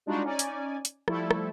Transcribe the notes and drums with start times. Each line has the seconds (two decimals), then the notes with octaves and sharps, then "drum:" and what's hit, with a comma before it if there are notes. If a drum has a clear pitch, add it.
0.06 G3 G#3 D4 D#4 F4 F#4
0.24 C#4 D#4 D5 G#5
0.39 drum: hi-hat
0.85 drum: hi-hat
1.08 F3 G3 A3 E4 A4, drum: rim click
1.31 drum: rim click